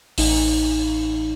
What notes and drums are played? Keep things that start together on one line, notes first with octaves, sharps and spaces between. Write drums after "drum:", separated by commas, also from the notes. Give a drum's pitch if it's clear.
A1 D#4, drum: open hi-hat